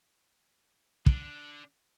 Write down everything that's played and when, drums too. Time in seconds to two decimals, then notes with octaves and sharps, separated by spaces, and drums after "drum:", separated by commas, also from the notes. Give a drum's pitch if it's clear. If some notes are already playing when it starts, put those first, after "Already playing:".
1.06 D3, drum: kick